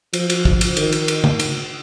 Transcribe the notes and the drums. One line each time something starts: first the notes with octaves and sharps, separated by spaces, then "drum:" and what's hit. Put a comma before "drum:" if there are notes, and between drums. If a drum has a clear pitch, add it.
F3, drum: cymbal
drum: cymbal
drum: kick
drum: cymbal
D#3, drum: cymbal
drum: cymbal
drum: cymbal
drum: tom C#3
drum: cymbal